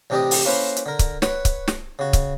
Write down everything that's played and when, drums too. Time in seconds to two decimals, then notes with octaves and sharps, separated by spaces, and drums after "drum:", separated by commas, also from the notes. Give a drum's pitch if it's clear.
0.10 A1 C3 D4 G4 D5 D#5
0.31 drum: open hi-hat
0.45 A#3 C#4 E4 B4 C5
0.76 drum: hi-hat
0.86 D3 A#4
0.99 drum: kick C#1, hi-hat
1.22 B4 C#5 F#5, drum: snare
1.45 drum: kick C#1, hi-hat
1.68 drum: snare
1.99 C#3 F#4
2.13 drum: kick C#1, hi-hat